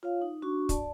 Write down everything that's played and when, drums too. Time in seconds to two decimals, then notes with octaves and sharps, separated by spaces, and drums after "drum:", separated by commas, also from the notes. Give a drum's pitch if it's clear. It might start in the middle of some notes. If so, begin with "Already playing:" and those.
0.03 F4 C#5 F5
0.21 D#4
0.42 D4 F#4 C#6
0.69 D5 A5, drum: kick, hi-hat